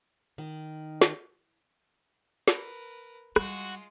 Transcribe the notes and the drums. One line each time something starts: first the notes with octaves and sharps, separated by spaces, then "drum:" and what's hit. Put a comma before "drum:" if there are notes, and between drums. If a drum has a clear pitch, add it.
D#3
drum: snare
A#4 B4, drum: snare
G3 G#3 F4 F#4, drum: rim click